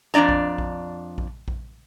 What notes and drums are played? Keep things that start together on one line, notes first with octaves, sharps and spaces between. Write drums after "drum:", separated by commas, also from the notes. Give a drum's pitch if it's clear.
F2 A#3 D4 D5 A#5
drum: kick A#1
drum: kick A#1
drum: kick A#1
drum: kick A#1